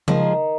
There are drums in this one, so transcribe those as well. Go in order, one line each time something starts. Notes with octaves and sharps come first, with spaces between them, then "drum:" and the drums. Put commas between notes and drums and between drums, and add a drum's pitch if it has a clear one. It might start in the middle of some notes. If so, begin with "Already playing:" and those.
D#3 F3 G#3, drum: tom C#3